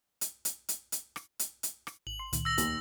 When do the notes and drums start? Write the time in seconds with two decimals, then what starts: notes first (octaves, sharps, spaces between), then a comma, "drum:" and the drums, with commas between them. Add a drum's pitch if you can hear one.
0.21 drum: hi-hat
0.45 drum: hi-hat
0.69 drum: hi-hat
0.92 drum: hi-hat
1.16 drum: rim click
1.39 drum: hi-hat
1.63 drum: hi-hat
1.87 drum: rim click
2.07 G#1 F#7
2.19 C6
2.33 C#2 A#2 D#3, drum: hi-hat
2.45 E6 A#6 F7
2.58 D#2, drum: hi-hat